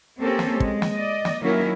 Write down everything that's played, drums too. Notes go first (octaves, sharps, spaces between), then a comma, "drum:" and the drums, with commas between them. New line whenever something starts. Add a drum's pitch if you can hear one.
A#3 C4 C#4 G4 A4
drum: snare
G#3, drum: kick
drum: snare
D5 D#5
drum: snare
D#3 F#3 A#3 C#4 E4 A#4